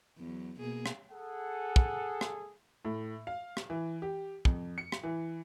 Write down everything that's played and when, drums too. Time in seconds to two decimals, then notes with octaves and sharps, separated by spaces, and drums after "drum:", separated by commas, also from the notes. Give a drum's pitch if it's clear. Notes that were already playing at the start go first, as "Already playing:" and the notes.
0.18 E2 F#3
0.59 B2 A#3 G#4
0.86 drum: rim click
1.11 G#4 A4 F#5
1.76 drum: kick
2.21 drum: rim click
2.85 A2
3.27 F5
3.57 drum: rim click
3.70 E3
4.02 G4
4.45 F2, drum: kick
4.78 C#7
4.92 drum: rim click
5.03 E3